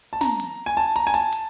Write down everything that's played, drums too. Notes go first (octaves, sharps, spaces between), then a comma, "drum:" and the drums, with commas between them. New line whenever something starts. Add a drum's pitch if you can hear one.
A5
A#5, drum: snare
drum: hi-hat
G#5
A5
A#5, drum: open hi-hat
G#5
A5, drum: hi-hat
drum: hi-hat